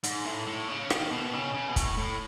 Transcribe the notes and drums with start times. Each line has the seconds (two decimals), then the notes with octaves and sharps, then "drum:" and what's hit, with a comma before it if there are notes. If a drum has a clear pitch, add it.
0.03 G#2, drum: hi-hat
0.25 A2
0.47 A2
0.68 C#3
0.90 D#3, drum: rim click
1.11 B2
1.33 C#3
1.54 C#3
1.68 B2
1.76 A2, drum: kick, hi-hat
1.98 A2